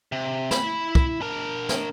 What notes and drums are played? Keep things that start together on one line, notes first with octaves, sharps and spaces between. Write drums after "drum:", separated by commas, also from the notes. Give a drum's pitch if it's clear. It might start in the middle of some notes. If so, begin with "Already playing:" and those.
C3
E4 B5, drum: snare
drum: kick
D4 A#4
drum: snare